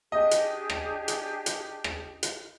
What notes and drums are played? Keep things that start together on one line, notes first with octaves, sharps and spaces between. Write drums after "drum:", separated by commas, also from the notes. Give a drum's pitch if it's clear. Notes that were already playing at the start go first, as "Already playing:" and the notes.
D4 G4 G#4 D#5
drum: hi-hat
drum: rim click
drum: hi-hat
drum: hi-hat
drum: rim click
drum: hi-hat